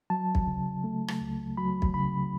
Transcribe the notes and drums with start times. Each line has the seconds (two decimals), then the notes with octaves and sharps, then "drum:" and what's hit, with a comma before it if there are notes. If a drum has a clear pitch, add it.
0.10 F#3 A5
0.35 drum: kick
0.47 C#3
0.84 A3
1.08 drum: rim click
1.21 C#2
1.57 F#3 B5
1.82 drum: kick
1.94 C#3 B5